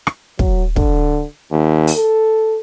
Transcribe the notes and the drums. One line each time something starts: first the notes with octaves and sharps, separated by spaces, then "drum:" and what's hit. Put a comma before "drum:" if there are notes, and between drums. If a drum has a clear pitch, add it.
drum: rim click
F#3, drum: kick
D3, drum: kick
D#2
drum: open hi-hat
A4